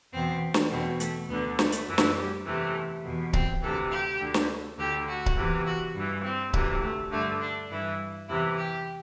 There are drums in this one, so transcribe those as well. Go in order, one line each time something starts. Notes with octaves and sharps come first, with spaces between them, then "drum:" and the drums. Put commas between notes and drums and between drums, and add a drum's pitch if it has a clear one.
E2 B2 C4
drum: snare
E2 B2 C4
A3, drum: hi-hat
D2 D3 B3
A3, drum: snare
drum: hi-hat
F#2 E3
drum: snare
G3
E2 C3 E3 A3
E2 B2
C4, drum: kick C#1
D2 C3 E3 A4
G4
D2 D3
drum: snare
D2 D3 G4
F#4
drum: kick C#1
E2 C3 E3
F#4
G2 E3
C4
D2 C3 E3, drum: kick C#1
A3
G2 D3 A3
D4
G2 E3 E4
E2 C3 E3 E4
G4